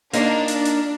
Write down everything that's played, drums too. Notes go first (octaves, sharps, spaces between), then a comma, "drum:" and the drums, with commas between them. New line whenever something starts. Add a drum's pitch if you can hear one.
A#3 D4 D#4 F4, drum: hi-hat
drum: hi-hat
drum: hi-hat